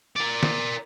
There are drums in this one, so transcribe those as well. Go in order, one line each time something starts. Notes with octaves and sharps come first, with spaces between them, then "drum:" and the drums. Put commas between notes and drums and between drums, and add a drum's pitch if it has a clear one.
A#4 D5
drum: snare